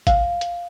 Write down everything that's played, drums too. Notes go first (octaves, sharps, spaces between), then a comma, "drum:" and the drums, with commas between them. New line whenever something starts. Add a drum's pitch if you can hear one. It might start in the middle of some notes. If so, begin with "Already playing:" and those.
F5, drum: kick A1, hi-hat
drum: hi-hat